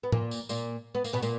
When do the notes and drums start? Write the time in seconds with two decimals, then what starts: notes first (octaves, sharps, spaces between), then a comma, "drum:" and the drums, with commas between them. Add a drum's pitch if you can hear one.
0.03 B3
0.12 A#2 A#3, drum: tom A2
0.31 drum: tambourine
0.49 A#2 A#3, drum: tambourine
0.95 B3
1.04 A#3, drum: tambourine
1.13 B2 B3
1.22 A#2 A#3, drum: tambourine